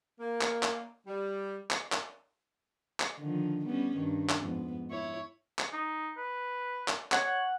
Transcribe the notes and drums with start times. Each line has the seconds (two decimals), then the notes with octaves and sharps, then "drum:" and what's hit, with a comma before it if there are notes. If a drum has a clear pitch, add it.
0.19 A#3
0.41 drum: clap
0.63 drum: clap
1.07 G3
1.71 drum: clap
1.92 drum: clap
3.00 drum: clap
3.18 D3 D#3 F3
3.65 G3 B3 C#4
3.97 G2 D#3
4.29 drum: clap
4.42 F2 G#2 B3
4.90 E4 C#5
5.59 drum: clap
5.73 D#4
6.18 B4
6.88 drum: clap
7.12 C#5 F#5, drum: clap